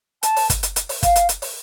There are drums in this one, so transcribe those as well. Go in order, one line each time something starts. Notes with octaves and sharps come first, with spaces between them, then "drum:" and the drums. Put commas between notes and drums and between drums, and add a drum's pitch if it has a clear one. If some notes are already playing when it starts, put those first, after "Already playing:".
A5, drum: hi-hat
drum: open hi-hat
drum: kick, hi-hat
drum: hi-hat
drum: hi-hat
drum: open hi-hat
F5, drum: kick, hi-hat
drum: hi-hat
drum: hi-hat
drum: open hi-hat